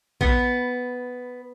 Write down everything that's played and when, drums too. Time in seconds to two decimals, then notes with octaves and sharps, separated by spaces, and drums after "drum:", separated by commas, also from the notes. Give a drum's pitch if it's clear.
0.21 B3, drum: kick